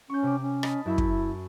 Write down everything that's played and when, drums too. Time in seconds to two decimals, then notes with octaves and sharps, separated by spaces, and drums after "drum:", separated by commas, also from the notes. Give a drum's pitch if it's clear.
0.10 C#4 C#6 G6
0.23 C3 D6
0.41 C#4
0.63 D#5 A5 B5, drum: rim click
0.86 F#2 E4 E5 B5
0.98 drum: kick